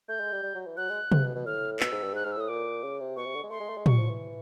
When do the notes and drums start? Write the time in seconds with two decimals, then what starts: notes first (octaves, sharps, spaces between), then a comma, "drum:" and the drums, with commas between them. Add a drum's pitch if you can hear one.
0.09 A3 G6
0.20 G#3
0.32 G3
0.43 G3
0.55 F#3
0.66 E3
0.77 F#3 F#6
0.89 G#3
1.12 C3, drum: tom C3
1.23 B2
1.35 B2
1.46 A2 F6
1.80 B2 E6, drum: clap
1.92 G#2
2.03 G2
2.14 G#2 F#6
2.24 G#2 F6
2.32 E6
2.37 A2 D#6
2.48 A#2 D6
2.83 C#3
3.00 C3
3.16 B2 C#6
3.25 C3
3.35 D3
3.43 G#3
3.51 A3 C6
3.60 G#3
3.69 A3
3.77 G#3
3.86 G3 C#6, drum: tom
3.98 F3
4.08 E3